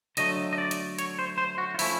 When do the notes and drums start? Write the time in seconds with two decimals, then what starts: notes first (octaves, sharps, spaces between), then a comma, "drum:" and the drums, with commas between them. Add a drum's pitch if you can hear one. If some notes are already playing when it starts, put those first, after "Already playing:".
0.17 D3 F#3 A3 D#5, drum: hi-hat
0.53 D#5
0.58 D5
0.71 drum: hi-hat
0.99 C#5, drum: hi-hat
1.19 C5
1.38 C5
1.58 F#4
1.74 F4
1.79 F3 A3 C#4 E4, drum: open hi-hat